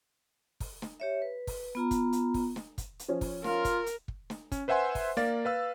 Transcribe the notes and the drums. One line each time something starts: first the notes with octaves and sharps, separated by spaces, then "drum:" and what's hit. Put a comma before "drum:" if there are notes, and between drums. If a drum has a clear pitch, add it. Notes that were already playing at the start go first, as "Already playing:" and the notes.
drum: kick, open hi-hat
drum: snare
G4 C#5 E5
B4
drum: kick, open hi-hat
B3 F4 A#5
drum: kick, hi-hat
drum: hi-hat
drum: kick, open hi-hat
drum: snare
drum: kick, hi-hat
drum: hi-hat
F3 C#4
drum: kick, open hi-hat
F4 A#4, drum: snare
drum: kick, hi-hat
drum: hi-hat
drum: kick
drum: snare
C#4, drum: kick, hi-hat
B4 C5 E5 F#5 G#5 C6
drum: kick, open hi-hat
A#3 A#4 D5 F5 A6, drum: snare
B4 F5 E6